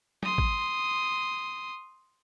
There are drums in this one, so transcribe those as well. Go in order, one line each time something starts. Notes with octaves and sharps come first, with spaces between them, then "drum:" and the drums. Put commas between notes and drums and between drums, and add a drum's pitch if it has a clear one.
C6 D#6, drum: tom
drum: kick